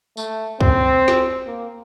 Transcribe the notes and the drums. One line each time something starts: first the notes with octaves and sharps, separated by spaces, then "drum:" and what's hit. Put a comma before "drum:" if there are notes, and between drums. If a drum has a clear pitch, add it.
A3, drum: tambourine
C4, drum: kick
drum: snare
A#3